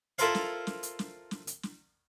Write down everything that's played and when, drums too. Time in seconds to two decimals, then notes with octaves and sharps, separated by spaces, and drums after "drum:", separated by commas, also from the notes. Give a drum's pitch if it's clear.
0.18 E4 F4 A4 A#4 C5 F5, drum: hi-hat
0.35 drum: snare
0.67 drum: snare
0.83 drum: hi-hat
0.99 drum: snare
1.31 drum: snare
1.47 drum: hi-hat
1.63 drum: snare